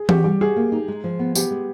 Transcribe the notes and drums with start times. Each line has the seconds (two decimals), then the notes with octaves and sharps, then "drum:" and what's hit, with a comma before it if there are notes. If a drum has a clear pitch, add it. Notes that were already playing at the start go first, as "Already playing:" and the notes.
Already playing: G#4
0.09 F#4 G4, drum: tom E3
0.24 G3 G4
0.41 F#4 G#4
0.56 A#3
0.72 D#4
0.88 G#3
1.04 F3
1.19 B3
1.35 B3 G4, drum: tambourine
1.51 G#3